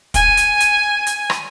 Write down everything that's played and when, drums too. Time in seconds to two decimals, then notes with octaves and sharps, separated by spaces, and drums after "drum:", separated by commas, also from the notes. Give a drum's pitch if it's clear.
0.14 G#5, drum: kick, hi-hat
0.37 drum: hi-hat
0.60 drum: hi-hat
1.07 drum: hi-hat
1.30 drum: rim click